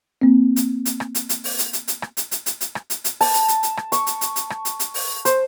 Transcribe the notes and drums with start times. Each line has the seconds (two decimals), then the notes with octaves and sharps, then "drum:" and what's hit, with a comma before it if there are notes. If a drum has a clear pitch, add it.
0.21 A#3 C4
0.56 drum: hi-hat
0.85 drum: hi-hat
1.00 drum: rim click
1.15 drum: hi-hat
1.29 drum: hi-hat
1.44 drum: open hi-hat
1.58 drum: hi-hat
1.73 drum: hi-hat
1.88 drum: hi-hat
2.02 drum: rim click
2.17 drum: hi-hat
2.31 drum: hi-hat
2.46 drum: hi-hat
2.61 drum: hi-hat
2.75 drum: rim click
2.90 drum: hi-hat
3.04 drum: hi-hat
3.21 A5, drum: open hi-hat
3.34 drum: hi-hat
3.48 drum: hi-hat
3.63 drum: hi-hat
3.77 drum: rim click
3.92 C#6, drum: hi-hat
4.07 drum: hi-hat
4.21 drum: hi-hat
4.36 drum: hi-hat
4.50 drum: rim click
4.65 drum: hi-hat
4.80 drum: hi-hat
4.94 drum: open hi-hat
5.25 C5, drum: hi-hat